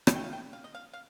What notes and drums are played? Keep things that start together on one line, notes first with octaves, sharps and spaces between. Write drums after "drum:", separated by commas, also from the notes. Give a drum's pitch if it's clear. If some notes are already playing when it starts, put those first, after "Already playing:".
D#3 A3, drum: rim click
G5
F5
G5
F5
D#5
F5
F5